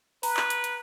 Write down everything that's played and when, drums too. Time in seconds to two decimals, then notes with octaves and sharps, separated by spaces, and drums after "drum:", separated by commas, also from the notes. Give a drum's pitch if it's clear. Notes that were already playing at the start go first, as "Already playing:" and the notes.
0.23 B4 A#5, drum: open hi-hat
0.37 drum: clap
0.50 drum: hi-hat
0.64 drum: hi-hat